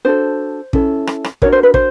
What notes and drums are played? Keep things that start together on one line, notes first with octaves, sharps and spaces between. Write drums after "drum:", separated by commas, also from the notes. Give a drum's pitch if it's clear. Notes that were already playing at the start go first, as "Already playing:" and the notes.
D4 F#4 A4 C5
C#4 E4 A4, drum: kick
drum: rim click
drum: rim click
D4 F#4 A#4 C#5, drum: kick
C5
B4
C5, drum: kick